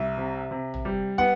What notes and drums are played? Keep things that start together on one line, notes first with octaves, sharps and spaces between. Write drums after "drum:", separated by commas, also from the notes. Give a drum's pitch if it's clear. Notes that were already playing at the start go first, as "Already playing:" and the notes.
Already playing: C2 E5
C3
C3
drum: tom
G3
B3 F#5, drum: kick